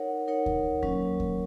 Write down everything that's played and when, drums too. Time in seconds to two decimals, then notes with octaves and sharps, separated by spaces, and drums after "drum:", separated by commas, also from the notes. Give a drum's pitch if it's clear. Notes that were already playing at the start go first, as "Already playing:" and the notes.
Already playing: D#4 A#4 C#5 F#5
0.28 D#4 A#4 C#5 F#5
0.46 drum: kick D2
0.83 F#3 A#3 C#4 A#4 C#5, drum: kick D2
1.20 drum: kick D2